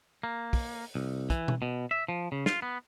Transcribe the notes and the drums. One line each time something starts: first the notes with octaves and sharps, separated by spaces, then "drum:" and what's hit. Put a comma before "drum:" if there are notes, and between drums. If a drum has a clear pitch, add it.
A#3
drum: kick, open hi-hat
C2
E3, drum: kick, hi-hat
drum: tom B2
B2
E5
F3
C#3
F4, drum: snare
B3